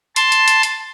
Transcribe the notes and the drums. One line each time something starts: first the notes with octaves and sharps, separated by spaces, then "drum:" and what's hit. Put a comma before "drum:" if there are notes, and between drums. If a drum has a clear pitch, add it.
A5 C6, drum: hi-hat
drum: hi-hat
drum: hi-hat
drum: hi-hat